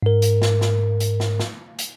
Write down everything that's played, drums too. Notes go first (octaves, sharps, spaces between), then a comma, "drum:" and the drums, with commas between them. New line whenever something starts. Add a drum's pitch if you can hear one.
G#2 A#4
drum: hi-hat
drum: snare
drum: snare
drum: hi-hat
drum: snare
drum: snare
drum: hi-hat